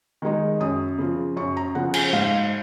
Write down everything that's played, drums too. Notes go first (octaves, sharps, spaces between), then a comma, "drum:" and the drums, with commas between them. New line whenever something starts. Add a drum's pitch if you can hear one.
D#3 G#3 D#4
F#2 D#6
C#3 F3
F#2 C#6
A#5
C#3 F3 F#5
G#5, drum: cymbal
G#2 F5